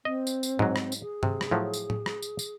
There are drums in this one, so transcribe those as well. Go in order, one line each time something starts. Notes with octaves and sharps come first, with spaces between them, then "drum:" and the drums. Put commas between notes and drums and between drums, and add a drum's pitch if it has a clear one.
C4 D#5
drum: tambourine
drum: tambourine
G#2 F#3, drum: tom
drum: rim click
drum: tambourine
G#4
C3, drum: tom G2
drum: rim click
A2 F3 F#3
drum: tambourine
drum: tom
drum: rim click
drum: tambourine
drum: tambourine